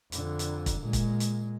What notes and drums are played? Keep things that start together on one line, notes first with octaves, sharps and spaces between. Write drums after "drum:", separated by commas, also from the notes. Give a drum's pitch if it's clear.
F2 D3, drum: hi-hat
drum: hi-hat
drum: kick, hi-hat
A#2 G#3
drum: kick, hi-hat
drum: hi-hat